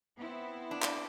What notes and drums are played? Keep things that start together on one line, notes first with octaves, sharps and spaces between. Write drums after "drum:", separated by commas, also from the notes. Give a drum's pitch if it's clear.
B3 C4 E4
D4
drum: clap